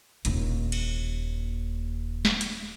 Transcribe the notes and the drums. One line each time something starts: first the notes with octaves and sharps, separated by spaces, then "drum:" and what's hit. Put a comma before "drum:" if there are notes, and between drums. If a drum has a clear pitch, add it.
D#1 D#2, drum: hi-hat
drum: cymbal
drum: snare
drum: hi-hat